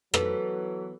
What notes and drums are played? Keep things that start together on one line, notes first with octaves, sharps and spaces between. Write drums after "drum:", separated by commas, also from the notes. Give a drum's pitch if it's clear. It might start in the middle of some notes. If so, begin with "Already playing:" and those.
E3 F#3 B3 A4, drum: rim click